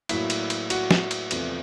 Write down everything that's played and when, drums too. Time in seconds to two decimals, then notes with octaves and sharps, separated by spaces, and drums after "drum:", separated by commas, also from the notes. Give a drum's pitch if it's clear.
0.09 A2 F#3 A#3 E4 E5, drum: cymbal
0.30 drum: cymbal
0.50 drum: cymbal
0.70 F#4 F#5, drum: cymbal
0.91 drum: snare
1.11 drum: cymbal
1.31 E2 C3 F3 A3, drum: cymbal